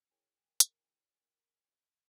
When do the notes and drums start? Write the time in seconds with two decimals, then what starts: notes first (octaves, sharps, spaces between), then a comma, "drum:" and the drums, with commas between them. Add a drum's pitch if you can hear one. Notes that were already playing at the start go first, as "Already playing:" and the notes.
0.11 E4 G#4 A#4 C#5 G5 G#5
0.60 drum: hi-hat